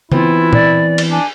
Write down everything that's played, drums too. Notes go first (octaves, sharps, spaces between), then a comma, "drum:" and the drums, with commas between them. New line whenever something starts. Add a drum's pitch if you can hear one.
E3 B3 C4 E4 F4, drum: tom C#3
D5, drum: tom
drum: cymbal
D4 G#5